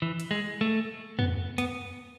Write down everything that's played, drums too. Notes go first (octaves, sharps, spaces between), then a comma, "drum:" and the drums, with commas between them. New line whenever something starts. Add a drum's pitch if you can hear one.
E3
drum: hi-hat
G#3
A3
B3, drum: tom
B3, drum: hi-hat